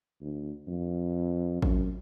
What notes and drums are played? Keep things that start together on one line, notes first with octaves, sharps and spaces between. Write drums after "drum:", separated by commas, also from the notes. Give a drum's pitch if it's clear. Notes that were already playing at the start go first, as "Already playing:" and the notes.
D2
F2
F#2, drum: kick A1